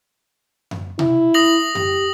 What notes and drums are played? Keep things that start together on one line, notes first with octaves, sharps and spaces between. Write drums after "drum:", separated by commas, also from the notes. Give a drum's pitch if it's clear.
drum: tom F#2
E4, drum: tom B2
D#6 A#6 F#7
G4, drum: tom F#2